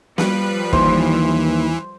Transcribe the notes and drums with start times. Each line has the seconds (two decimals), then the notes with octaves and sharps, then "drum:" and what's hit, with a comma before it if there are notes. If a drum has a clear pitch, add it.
0.18 F3 G3 B4, drum: snare
0.73 D#2 E3 C5, drum: kick